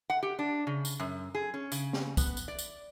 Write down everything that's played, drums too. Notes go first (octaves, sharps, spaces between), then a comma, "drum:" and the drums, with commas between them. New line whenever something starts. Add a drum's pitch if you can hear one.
F#5
G4
D4
C#3
drum: tambourine
F#2
G#4
C#4
C#3, drum: tambourine
drum: snare
B3, drum: kick, tambourine
drum: tambourine
D5
drum: tambourine